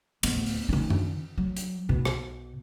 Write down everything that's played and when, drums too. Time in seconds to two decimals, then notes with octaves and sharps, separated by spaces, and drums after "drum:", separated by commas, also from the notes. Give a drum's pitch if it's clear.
0.23 D1 B3, drum: cymbal
0.46 drum: open hi-hat
0.69 D#3 C#4
0.90 drum: tom F#2
1.38 F#3
1.57 drum: hi-hat
1.89 B1 B2
2.05 drum: rim click